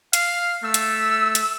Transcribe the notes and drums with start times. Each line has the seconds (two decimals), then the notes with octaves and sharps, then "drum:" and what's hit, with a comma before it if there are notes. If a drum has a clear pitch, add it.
0.13 F5, drum: hi-hat
0.63 A3 E6
0.74 drum: hi-hat
1.35 drum: hi-hat